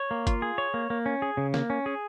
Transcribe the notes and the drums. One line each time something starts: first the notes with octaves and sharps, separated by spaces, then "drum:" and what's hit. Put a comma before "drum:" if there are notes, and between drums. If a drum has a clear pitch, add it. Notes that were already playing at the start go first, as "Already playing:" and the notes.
Already playing: C#5
A#3
F4, drum: kick G1, hi-hat
G#4
C#5
A#3
A#3
C#4
G#4
C#3
A#3, drum: snare
C#4
G#4